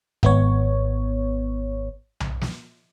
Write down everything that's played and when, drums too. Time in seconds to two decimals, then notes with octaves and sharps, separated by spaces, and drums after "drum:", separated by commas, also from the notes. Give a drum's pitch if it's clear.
0.23 G#1 B3 C#5, drum: kick F#1
2.20 drum: tom B1
2.41 drum: snare